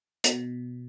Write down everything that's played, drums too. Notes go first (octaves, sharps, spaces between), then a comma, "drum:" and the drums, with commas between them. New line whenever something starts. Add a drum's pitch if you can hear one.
B2, drum: hi-hat